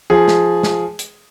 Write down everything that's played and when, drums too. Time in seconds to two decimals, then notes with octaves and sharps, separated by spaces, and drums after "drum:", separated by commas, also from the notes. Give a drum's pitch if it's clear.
0.10 F3 G#4
0.28 drum: snare
0.63 drum: snare
0.99 drum: hi-hat